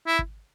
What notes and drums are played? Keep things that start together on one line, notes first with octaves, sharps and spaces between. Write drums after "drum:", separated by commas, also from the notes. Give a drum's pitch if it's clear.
E4
drum: kick